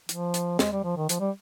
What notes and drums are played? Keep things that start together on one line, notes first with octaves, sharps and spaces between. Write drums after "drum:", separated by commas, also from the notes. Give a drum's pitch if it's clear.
F3, drum: hi-hat
drum: hi-hat
G#3, drum: snare
G3
F3
D#3
F3, drum: hi-hat
G3